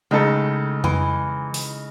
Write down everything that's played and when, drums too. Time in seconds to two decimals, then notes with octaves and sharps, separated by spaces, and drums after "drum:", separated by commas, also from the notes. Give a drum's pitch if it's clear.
0.11 A2 C#3 G#3 D#4 A4
0.84 E3, drum: tom F2
1.54 drum: open hi-hat